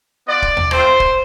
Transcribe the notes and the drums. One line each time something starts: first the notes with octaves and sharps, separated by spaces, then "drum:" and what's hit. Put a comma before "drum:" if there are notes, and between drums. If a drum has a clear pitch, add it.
B3 F4 D5
drum: kick D1
drum: tom D#2
A3 C4 F4 C5, drum: rim click
drum: kick D1